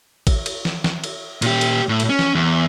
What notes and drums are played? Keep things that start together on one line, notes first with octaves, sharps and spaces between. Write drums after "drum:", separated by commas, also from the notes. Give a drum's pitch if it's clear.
drum: kick A1, cymbal
drum: cymbal
drum: snare
drum: snare
drum: cymbal
A#2 G4, drum: cymbal
drum: cymbal
A2
drum: cymbal
C#4
drum: snare
E2